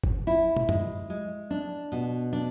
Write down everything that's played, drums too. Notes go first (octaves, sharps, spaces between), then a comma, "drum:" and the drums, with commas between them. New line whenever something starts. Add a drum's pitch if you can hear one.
drum: kick
E4
drum: tom
G#3, drum: tom
G#3
D4
B2
D4